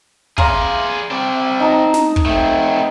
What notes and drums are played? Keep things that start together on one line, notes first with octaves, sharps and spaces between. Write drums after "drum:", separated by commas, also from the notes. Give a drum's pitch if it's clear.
G#4 D5 F5 A#5 C6, drum: kick
C4 D5
D#4 A5 A#5
drum: snare
drum: kick
A3 C4